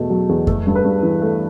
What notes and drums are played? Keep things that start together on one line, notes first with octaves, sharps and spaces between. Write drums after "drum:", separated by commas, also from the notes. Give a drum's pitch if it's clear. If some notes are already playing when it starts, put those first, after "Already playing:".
Already playing: E2 B2 A3
F#3
E2
A3 A4, drum: kick F2
G2
B4
G2
E3
A3